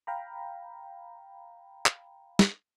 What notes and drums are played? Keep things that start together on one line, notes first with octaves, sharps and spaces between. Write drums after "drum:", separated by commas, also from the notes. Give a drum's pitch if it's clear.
F5 G5 A#5 B5
drum: clap
drum: snare